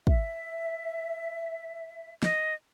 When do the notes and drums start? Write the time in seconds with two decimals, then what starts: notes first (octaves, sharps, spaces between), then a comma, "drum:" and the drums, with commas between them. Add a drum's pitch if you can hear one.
0.07 E5, drum: kick
2.23 D#5, drum: snare